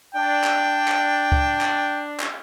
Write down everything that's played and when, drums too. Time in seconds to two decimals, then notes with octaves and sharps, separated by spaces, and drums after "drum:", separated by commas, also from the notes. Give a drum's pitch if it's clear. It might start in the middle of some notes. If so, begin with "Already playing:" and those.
0.15 D4 G5
0.44 drum: clap
0.88 drum: clap
1.32 drum: kick C#2
1.61 drum: clap
2.20 drum: clap